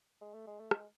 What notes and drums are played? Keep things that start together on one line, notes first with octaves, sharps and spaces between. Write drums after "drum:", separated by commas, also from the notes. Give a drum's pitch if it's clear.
G#3
A3
G#3
A3
G#3, drum: rim click